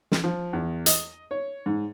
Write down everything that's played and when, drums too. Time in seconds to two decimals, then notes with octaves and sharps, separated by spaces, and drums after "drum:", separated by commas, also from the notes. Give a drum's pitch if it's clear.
0.12 drum: snare
0.24 F3
0.53 E2
0.86 D#5, drum: hi-hat
1.31 C#5
1.66 G#2